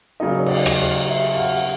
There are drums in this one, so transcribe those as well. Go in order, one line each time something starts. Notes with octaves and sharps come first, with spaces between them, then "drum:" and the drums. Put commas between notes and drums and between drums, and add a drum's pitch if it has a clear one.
C#3 F#3 A#3 D#4 D#5
D5
C#5
D5, drum: cymbal
D5, drum: rim click
E5
F5
F#5